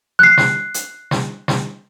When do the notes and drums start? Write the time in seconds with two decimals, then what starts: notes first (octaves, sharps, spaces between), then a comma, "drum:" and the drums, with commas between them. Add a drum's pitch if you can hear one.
0.19 F#6 C7
0.37 drum: snare
0.74 drum: hi-hat
1.11 drum: snare
1.48 drum: snare